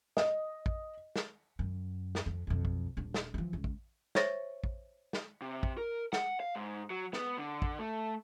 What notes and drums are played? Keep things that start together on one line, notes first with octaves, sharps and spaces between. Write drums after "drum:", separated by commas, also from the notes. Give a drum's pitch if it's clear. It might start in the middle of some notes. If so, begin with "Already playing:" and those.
D#5, drum: snare
drum: kick
drum: snare
F#2
drum: snare
F2
B1 F2
drum: kick
D#1 D4
drum: snare
E3 F3
C#2
drum: kick
C5 C#5 E5 C#6 A6 A#6, drum: snare
drum: kick
drum: snare
C3
drum: kick
A#4
F#5, drum: snare
F5
G#2
F#3
B3, drum: snare
D3
drum: kick
A3